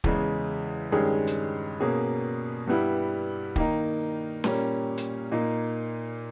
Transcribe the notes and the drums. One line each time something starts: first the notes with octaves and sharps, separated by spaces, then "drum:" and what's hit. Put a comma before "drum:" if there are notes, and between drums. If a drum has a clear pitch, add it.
E2 C#3 G#3, drum: kick
G2 D#3 G#3 C#4 G#4
drum: hi-hat
B2 A#3 C#4 G#4
G2 G3 B3 E4
D#3 A#3 D#4, drum: kick
A#2 G3 A#3 C#4, drum: snare C#4
drum: hi-hat
A#2 A#3 D#4